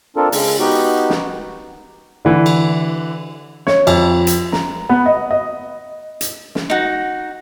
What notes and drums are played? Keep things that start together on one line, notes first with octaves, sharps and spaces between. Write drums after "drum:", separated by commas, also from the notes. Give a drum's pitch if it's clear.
C4 D4 F4 A4 A#4
C#3 G#3, drum: open hi-hat
B3 D#4 F#4 G4
drum: snare
D3 E3
drum: cymbal
C#5, drum: snare
F2, drum: cymbal
drum: hi-hat
A#5, drum: snare
B3
D#5
D#5
drum: hi-hat
drum: snare
D#4 F#4